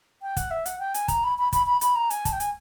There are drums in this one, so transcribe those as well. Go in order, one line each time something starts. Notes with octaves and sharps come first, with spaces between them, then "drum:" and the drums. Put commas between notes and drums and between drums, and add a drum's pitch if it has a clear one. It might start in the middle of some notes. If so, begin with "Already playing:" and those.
G5
F#5, drum: kick, hi-hat
E5
F#5, drum: hi-hat
G5
G#5, drum: hi-hat
A#5, drum: kick, hi-hat
B5
B5
B5, drum: kick, hi-hat
B5
B5, drum: hi-hat
A#5
G#5, drum: hi-hat
A5, drum: kick, hi-hat
G5
G#5, drum: hi-hat